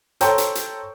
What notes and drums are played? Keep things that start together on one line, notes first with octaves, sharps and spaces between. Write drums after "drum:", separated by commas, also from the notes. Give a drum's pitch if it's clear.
A4 C5 C#5 G5 A#5, drum: hi-hat
drum: hi-hat
drum: hi-hat